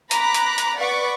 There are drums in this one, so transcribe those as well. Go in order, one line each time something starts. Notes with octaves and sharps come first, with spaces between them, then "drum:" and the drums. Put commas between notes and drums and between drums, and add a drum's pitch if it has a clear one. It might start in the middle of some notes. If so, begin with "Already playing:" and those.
A#5 B5 D6 F#6, drum: hi-hat
drum: hi-hat
drum: hi-hat
B4 D5 F#5 B5 C#6 D6